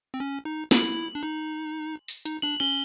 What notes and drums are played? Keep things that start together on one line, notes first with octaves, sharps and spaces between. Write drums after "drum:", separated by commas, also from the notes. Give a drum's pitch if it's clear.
C4
C#4
D#4
E4 F#7, drum: snare
D4
D#4
drum: open hi-hat
D#4, drum: hi-hat
D4 F#7
C#4 G7